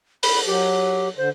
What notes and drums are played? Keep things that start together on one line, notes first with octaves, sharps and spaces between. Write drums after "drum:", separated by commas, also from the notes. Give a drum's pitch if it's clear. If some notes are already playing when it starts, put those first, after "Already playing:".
B5, drum: open hi-hat
F#3 G4
D3 C5